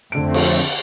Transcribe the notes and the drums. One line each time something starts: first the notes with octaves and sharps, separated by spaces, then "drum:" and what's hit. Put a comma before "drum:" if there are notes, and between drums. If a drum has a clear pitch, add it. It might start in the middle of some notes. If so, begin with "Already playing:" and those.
F2 D3 A3 C4 D7
drum: cymbal